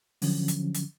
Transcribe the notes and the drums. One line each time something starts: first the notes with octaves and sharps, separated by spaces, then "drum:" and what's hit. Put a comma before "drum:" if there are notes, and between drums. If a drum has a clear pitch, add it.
D3 F3 F#3 C#4, drum: open hi-hat
drum: hi-hat
drum: hi-hat